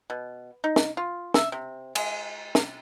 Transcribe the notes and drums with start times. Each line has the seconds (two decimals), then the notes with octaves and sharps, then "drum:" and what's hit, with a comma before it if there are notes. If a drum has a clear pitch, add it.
0.10 B2
0.64 D#4
0.76 drum: snare
0.97 F4
1.34 E5, drum: snare
1.52 C3
1.95 G#3, drum: cymbal
2.55 drum: snare